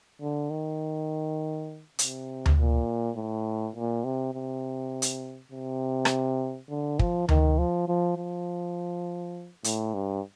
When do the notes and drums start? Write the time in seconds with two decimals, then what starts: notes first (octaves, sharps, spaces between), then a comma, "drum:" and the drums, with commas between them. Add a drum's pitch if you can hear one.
0.22 D3
0.51 D#3
1.99 C3, drum: hi-hat
2.46 drum: tom D2
2.57 A#2
3.16 A2
3.76 A#2
4.04 C3
4.34 C3
5.02 drum: hi-hat
5.52 C3
6.05 drum: rim click
6.70 D3
6.99 F3, drum: kick
7.29 D#3, drum: tom D2
7.58 F3
7.88 F3
8.17 F3
9.64 A2, drum: hi-hat
9.94 G2